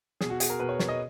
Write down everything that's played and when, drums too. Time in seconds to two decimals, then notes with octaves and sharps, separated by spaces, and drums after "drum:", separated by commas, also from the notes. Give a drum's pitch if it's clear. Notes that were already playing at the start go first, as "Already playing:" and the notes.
0.21 B2 G#4, drum: snare
0.30 F#4
0.40 G#4, drum: hi-hat
0.50 A#4
0.60 B2 B4
0.69 C#5
0.79 C#5, drum: snare
0.88 D#5